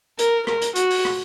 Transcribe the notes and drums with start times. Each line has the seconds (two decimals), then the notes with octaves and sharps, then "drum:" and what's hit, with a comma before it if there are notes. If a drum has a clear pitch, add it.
0.19 A#4, drum: hi-hat
0.47 A#4, drum: rim click
0.62 drum: hi-hat
0.76 F#4, drum: hi-hat
0.91 drum: open hi-hat
1.05 drum: rim click